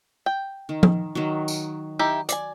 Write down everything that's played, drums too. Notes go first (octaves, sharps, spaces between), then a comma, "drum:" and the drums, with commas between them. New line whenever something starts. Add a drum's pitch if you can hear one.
G5
D#3
drum: tom
D#3 F#3
drum: tambourine
D#4 E4 G4
D5 G#5, drum: hi-hat